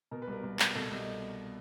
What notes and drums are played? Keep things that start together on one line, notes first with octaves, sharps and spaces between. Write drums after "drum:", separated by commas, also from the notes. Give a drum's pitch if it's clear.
B2 A#4
B4
C2
A#4
C2
C2, drum: clap
B2 A4
C2 D#5